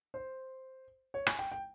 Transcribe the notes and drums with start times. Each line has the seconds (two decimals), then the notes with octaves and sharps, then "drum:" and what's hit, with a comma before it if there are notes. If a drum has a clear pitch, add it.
0.14 C5
1.14 C#5
1.27 G#5, drum: rim click
1.39 G5
1.52 G5